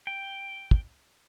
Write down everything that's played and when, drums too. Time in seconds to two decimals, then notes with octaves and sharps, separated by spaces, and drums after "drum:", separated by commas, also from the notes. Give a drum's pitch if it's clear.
0.07 G5
0.71 drum: kick